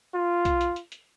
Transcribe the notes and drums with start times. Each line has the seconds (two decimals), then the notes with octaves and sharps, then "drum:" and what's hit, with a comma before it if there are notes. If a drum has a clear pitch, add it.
0.14 F4
0.45 drum: kick B1, hi-hat
0.61 drum: hi-hat
0.76 drum: hi-hat
0.92 drum: hi-hat